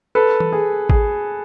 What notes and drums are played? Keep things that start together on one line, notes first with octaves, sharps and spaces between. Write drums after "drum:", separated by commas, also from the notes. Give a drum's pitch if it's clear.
A4 B4
drum: tom E3
G#4
G#4, drum: kick